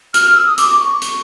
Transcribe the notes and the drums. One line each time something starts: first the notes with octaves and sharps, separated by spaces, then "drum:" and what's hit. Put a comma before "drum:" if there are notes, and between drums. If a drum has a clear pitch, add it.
F6, drum: hi-hat
F6
E6
D#6
D6, drum: hi-hat
D6
C#6
drum: hi-hat